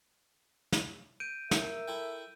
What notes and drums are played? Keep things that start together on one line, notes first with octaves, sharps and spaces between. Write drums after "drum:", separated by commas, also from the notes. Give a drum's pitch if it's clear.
drum: snare
G6 D7 D#7
A#4 E5, drum: snare
E4 A4 G5